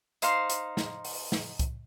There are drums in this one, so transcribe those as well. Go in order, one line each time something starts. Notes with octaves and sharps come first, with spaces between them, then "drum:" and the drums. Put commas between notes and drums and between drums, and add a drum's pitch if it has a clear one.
D#4 C5 F5 C6, drum: hi-hat
drum: hi-hat
drum: snare
drum: open hi-hat
drum: snare
drum: kick C2, hi-hat